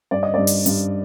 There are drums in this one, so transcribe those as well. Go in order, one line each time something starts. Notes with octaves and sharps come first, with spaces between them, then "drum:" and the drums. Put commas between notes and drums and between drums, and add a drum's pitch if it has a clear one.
G2 D5
D#5
G2 D5
drum: open hi-hat
G2, drum: hi-hat